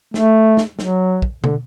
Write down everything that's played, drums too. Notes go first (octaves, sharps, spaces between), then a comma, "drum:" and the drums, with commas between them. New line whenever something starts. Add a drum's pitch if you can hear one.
A3, drum: snare
drum: snare
F#3, drum: snare
drum: kick
D3, drum: tom